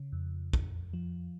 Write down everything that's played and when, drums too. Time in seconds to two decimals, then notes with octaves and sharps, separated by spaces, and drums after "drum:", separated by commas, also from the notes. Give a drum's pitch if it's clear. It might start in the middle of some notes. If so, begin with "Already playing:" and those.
Already playing: C#3
0.13 F2
0.53 F2, drum: kick
0.93 F3